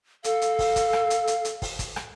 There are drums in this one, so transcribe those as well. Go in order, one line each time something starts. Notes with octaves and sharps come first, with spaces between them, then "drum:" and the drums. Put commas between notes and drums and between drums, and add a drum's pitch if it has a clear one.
A4 F5, drum: hi-hat
drum: hi-hat
drum: kick, open hi-hat
drum: kick, hi-hat
drum: rim click
drum: hi-hat
drum: hi-hat
drum: hi-hat
drum: kick, open hi-hat
drum: kick, hi-hat
drum: rim click